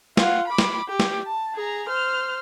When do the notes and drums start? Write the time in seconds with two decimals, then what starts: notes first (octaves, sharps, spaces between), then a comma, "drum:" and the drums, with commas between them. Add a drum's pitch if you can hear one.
0.17 F4 F#5, drum: snare
0.47 B5 D6
0.58 drum: snare
0.88 G4
1.00 drum: snare
1.25 A5
1.55 G#4 A#5
1.88 C5 F6